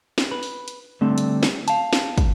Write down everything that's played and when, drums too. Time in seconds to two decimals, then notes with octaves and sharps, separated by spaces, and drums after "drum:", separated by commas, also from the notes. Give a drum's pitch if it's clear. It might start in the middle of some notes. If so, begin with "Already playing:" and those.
0.18 drum: snare
0.31 B4
0.43 drum: open hi-hat
0.68 drum: hi-hat
1.01 D3 G3 A3 C4
1.18 drum: hi-hat
1.43 drum: snare
1.68 F5 A5, drum: hi-hat
1.93 drum: snare
2.18 drum: kick, hi-hat